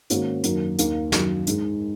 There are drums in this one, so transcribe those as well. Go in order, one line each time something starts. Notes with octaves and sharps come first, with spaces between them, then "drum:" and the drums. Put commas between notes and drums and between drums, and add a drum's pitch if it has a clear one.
G#2 D#3 A#3 C#4 F#4, drum: hi-hat
F#2 D#3 F#3 A#3, drum: hi-hat
D#2 D#3 A#3, drum: hi-hat
F#2 D#3 F#3, drum: snare
G#2 G#3 D#4, drum: hi-hat